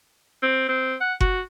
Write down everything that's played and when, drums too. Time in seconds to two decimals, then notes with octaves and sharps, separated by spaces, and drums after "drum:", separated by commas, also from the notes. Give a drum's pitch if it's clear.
0.43 C4
0.69 C4
1.01 F#5
1.21 F#4, drum: kick F#1